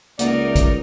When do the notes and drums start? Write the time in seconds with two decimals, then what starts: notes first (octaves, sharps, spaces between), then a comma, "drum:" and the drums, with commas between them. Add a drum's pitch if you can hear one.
0.19 C#2 A#3 D#4 A#4 D5 E5 F#5, drum: hi-hat
0.55 drum: kick, hi-hat